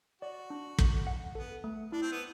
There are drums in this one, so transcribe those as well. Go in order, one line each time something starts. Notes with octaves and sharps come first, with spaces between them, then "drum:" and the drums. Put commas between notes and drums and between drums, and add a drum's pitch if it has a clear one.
F#4 D5
D4
A4, drum: kick
F#5
B3 A4
A3
D4 E4
C4
B3